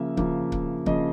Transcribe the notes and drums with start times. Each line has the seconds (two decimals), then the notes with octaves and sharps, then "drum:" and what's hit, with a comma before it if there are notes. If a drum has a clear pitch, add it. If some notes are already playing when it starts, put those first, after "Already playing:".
Already playing: C#3 F3 A#3 E5
0.17 C#3 F3 A#3, drum: kick C#1
0.52 drum: kick C#1
0.86 C#3 F3 A#3 D#5, drum: kick C#1